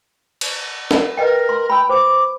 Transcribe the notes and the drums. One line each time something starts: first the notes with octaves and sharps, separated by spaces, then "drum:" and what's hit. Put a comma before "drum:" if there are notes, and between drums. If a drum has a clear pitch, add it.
drum: cymbal
drum: snare
A#4 B4 D#5 G5
C6
G5 B5 E6
C5 D6